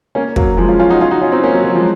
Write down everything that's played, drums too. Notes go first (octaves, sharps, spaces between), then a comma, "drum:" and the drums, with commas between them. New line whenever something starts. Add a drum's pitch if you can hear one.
A#3 C#4
F#3 A#3, drum: kick
F3 G#3
C#4 F4
C#4 F4
D#4 F#4
C#4 F4
D#4 F#4
C#4 F4
C4 D#4
A#3 C#4
F#3
F#3
F3 G#3